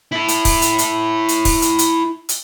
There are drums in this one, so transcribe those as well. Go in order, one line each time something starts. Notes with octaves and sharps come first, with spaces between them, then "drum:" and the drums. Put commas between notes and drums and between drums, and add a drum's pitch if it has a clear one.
E4 A4
drum: hi-hat
drum: kick, open hi-hat
drum: hi-hat
drum: hi-hat
drum: hi-hat
drum: kick, open hi-hat
drum: hi-hat
drum: hi-hat
drum: hi-hat